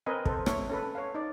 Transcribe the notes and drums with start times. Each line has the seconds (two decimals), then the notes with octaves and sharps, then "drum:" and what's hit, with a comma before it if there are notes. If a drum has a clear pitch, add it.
0.06 C4 A#4 B4 D#5 G#5
0.25 A4 C5, drum: kick
0.46 C#5 E5, drum: rim click
0.70 C#4 A4 B4
0.95 C#5 F5
1.15 D#4 D5